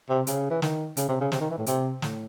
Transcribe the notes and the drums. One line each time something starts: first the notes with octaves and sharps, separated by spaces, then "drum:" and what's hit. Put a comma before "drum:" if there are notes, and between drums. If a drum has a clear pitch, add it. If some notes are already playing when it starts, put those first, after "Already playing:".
C3
C#3, drum: hi-hat
E3
D#3, drum: snare
C#3, drum: hi-hat
C3
C#3
C3, drum: snare
D#3
E3
A2
C3, drum: hi-hat
A2, drum: snare